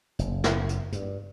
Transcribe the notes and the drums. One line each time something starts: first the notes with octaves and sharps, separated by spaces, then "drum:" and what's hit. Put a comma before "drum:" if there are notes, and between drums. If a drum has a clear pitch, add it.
F#1, drum: hi-hat
drum: snare
drum: hi-hat
G2, drum: hi-hat